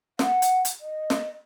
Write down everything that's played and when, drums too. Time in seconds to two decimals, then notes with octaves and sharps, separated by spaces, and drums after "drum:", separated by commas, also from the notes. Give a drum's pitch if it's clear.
0.19 F#5, drum: snare
0.42 drum: hi-hat
0.65 drum: hi-hat
0.81 D#5
1.10 drum: snare